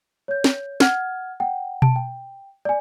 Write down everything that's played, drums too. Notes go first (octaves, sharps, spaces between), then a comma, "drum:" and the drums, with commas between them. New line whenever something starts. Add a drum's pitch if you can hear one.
C#5 G6
drum: snare
F#5 F6 G#6, drum: snare
F#5 G5
A5 D7, drum: tom B2
G5
D5 G#5